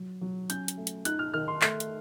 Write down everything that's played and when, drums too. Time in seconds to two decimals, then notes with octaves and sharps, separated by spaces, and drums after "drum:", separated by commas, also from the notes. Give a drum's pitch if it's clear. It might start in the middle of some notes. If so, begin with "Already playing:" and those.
Already playing: F#3
0.21 F#3
0.50 C#4 G6, drum: hi-hat
0.68 drum: hi-hat
0.77 A3
0.87 drum: hi-hat
1.05 D#4 F#6, drum: hi-hat
1.19 F6
1.34 D#3 F6
1.48 C6
1.61 A3, drum: clap
1.80 drum: hi-hat